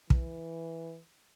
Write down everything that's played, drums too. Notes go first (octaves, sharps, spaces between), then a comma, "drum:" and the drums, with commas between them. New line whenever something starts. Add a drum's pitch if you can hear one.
E3, drum: kick